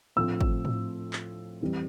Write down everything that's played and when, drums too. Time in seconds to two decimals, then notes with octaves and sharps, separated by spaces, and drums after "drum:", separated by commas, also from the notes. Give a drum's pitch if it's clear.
0.16 A2 F3 A3 C4 E6
0.41 drum: kick
0.65 drum: tom
1.13 drum: clap
1.61 F2 E3 G3